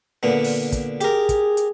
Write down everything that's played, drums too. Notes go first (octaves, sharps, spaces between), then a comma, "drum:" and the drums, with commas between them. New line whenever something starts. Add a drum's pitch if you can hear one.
A#2 D3 B3
drum: open hi-hat
drum: kick, hi-hat
G4 G#4 A#4, drum: hi-hat
drum: kick, hi-hat
drum: hi-hat